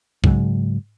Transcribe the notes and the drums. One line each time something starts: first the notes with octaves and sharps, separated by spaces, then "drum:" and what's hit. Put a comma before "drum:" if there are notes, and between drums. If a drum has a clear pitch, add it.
G#2 C#3 F#3 G#3, drum: kick B1